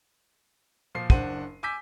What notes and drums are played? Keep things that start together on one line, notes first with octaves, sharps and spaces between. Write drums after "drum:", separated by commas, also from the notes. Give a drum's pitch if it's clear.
A#2 F3 C7
F#1 D4 C5 F#5 D#7, drum: kick
G#5 D6 E6 G6 B6